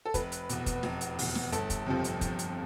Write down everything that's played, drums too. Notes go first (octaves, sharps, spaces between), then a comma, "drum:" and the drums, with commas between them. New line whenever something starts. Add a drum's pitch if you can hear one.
A4
F1 B4, drum: kick, hi-hat
drum: hi-hat
E2 B2, drum: hi-hat
drum: kick, hi-hat
F1, drum: snare
drum: hi-hat
E2 B2, drum: open hi-hat
drum: snare
G1 A4, drum: hi-hat
drum: kick, hi-hat
F2 C3 F3
drum: hi-hat
G1, drum: kick, hi-hat
drum: hi-hat